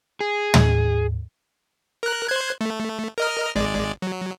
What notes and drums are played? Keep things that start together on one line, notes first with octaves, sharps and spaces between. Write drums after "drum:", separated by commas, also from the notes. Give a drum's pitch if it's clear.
G#4
drum: tom
A#4 F#6
C5 F#6 G#6
A3
A#4 D#5 F6
G#1 G#3 D5
F#3